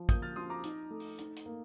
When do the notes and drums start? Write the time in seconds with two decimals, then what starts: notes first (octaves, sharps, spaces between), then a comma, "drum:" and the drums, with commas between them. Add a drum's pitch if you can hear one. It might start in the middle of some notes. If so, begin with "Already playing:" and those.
Already playing: F3
0.09 A#3 D#6 G6, drum: kick, hi-hat
0.22 F6 A6
0.36 F3 C6 D#6
0.50 A#5 D6
0.64 D#4, drum: hi-hat
0.90 A3
1.00 drum: open hi-hat
1.19 D#4, drum: hi-hat
1.37 drum: hi-hat
1.46 A#3